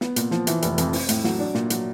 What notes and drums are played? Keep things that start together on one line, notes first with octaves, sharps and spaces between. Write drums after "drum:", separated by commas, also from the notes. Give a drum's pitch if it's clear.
B3, drum: snare
A#2, drum: hi-hat
F3, drum: snare
E3, drum: hi-hat
F1, drum: hi-hat
F2, drum: hi-hat
C4, drum: open hi-hat
A2, drum: hi-hat
F#3, drum: snare
D4
A#2, drum: snare
F#3, drum: hi-hat